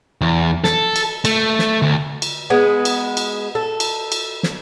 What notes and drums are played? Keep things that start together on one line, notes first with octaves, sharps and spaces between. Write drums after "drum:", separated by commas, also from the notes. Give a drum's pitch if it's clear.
E2
A4, drum: snare
drum: cymbal
A3, drum: cymbal
drum: snare
D2
drum: cymbal
G#3 B3
drum: cymbal
drum: cymbal
A4
drum: cymbal
drum: cymbal
drum: snare